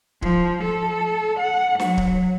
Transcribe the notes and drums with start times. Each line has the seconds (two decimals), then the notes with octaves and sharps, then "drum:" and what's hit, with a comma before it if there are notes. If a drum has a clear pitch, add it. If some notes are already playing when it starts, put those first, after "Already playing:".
0.22 F3, drum: kick D1
0.63 A4
1.40 F#5
1.79 F#3, drum: snare
1.98 drum: kick D1